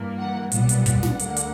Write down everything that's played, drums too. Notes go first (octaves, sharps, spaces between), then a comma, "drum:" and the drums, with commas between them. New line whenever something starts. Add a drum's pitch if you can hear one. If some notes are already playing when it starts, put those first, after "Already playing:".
Already playing: G2 E3 A#3
F#5
B1 A#2 G3 B3 F#5, drum: hi-hat
drum: hi-hat
drum: kick, hi-hat
drum: snare
D2 D3 A#3, drum: hi-hat
drum: hi-hat